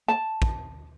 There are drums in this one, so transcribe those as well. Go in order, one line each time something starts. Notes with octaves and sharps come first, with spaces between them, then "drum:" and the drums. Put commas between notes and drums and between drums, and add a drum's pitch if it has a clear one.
A5
drum: kick